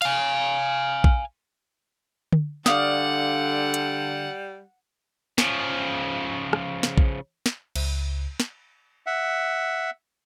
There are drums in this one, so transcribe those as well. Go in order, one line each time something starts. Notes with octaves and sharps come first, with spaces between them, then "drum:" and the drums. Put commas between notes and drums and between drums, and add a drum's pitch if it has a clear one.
F5 G#5, drum: cymbal
drum: kick A#1
drum: tom D3
D3 G3 D5 F5 F#5 D#6, drum: snare
drum: hi-hat
C#3 F3, drum: snare
drum: rim click
drum: snare
drum: kick A#1
drum: snare
C#2, drum: cymbal
drum: snare
E5 F#5